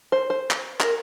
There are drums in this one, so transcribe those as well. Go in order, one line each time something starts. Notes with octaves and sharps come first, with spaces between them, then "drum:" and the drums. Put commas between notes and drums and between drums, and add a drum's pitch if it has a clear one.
C5
C5
drum: clap
A#4, drum: clap